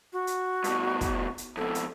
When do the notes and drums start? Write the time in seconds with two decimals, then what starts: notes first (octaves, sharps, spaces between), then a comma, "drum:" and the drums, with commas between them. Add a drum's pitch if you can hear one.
0.13 F#4
0.27 drum: hi-hat
0.64 G2 B2, drum: hi-hat
1.01 drum: kick, hi-hat
1.38 drum: hi-hat
1.57 F2 B2 A4
1.75 drum: hi-hat